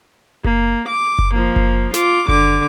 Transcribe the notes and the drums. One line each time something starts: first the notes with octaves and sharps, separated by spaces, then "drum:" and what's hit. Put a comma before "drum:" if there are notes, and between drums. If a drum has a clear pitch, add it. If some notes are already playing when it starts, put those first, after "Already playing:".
A#3, drum: kick F#1
D6
drum: kick F#1
F3 A#3
drum: kick F#1
F4 D6, drum: snare
D3 D6, drum: kick F#1